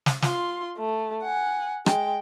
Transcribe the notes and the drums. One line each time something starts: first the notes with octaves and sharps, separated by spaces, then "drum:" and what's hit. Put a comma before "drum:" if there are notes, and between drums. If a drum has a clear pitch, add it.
drum: snare
F4 C6, drum: snare
A3
F#5 G#5
G#3 G5, drum: rim click